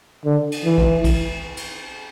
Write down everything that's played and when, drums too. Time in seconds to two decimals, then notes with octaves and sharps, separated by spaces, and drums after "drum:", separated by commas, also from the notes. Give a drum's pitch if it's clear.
0.25 D3
0.52 drum: cymbal
0.64 E3
0.78 drum: kick
1.04 drum: kick, cymbal
1.57 drum: cymbal